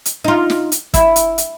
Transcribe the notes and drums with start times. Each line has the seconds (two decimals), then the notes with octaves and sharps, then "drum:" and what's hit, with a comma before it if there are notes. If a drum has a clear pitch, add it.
0.05 drum: hi-hat
0.24 D#4 F4
0.50 drum: snare
0.72 drum: hi-hat
0.94 E4, drum: kick, hi-hat
1.16 drum: hi-hat
1.38 drum: hi-hat